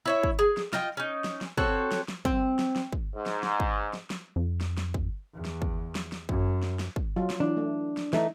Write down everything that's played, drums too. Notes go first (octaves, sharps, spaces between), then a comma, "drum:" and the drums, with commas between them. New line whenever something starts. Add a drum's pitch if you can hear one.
E4 C#5 E5
drum: kick
G#4
drum: snare
F4 D#5 G5, drum: snare
C#4 D#4
drum: snare
drum: snare
C4 F#4 A4 C#5, drum: kick
drum: snare
drum: snare
C4, drum: kick
drum: snare
drum: snare
drum: kick
G#2
drum: snare
drum: snare
drum: kick
drum: snare
drum: snare
F2
drum: snare
drum: snare
drum: kick
E2
drum: snare
drum: kick
drum: snare
drum: snare
F#2, drum: kick
drum: snare
drum: snare
drum: kick
F#3 F4
drum: snare
E3 D4
A3
drum: snare
E3 A3 D#4, drum: snare